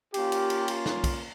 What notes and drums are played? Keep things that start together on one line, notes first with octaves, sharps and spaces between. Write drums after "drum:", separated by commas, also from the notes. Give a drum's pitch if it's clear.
A#3 C#4 F4 G4, drum: cymbal
drum: cymbal
drum: cymbal
drum: cymbal
drum: snare
drum: kick, cymbal